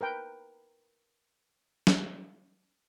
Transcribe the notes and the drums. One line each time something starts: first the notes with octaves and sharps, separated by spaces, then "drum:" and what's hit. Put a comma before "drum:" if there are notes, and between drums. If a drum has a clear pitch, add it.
A#4 B4 G5
drum: snare